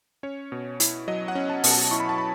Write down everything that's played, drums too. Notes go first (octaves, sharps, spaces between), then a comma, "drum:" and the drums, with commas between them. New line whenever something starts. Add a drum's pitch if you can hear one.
C#4 C#5
B2
E4, drum: hi-hat
F#3 D#5
F#5
C#4
A5
B2, drum: open hi-hat
A5
E4 C#6
B5
A5
B5